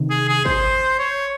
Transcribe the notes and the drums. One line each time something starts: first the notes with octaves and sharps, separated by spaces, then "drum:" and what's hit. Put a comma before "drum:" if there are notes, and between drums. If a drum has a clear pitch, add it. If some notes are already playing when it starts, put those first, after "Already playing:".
Already playing: C3 D#3
G#4
G#4
C5, drum: kick
C#5